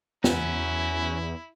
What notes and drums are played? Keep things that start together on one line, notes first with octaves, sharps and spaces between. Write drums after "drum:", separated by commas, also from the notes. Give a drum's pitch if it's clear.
E2 C#4 E4 F#4, drum: snare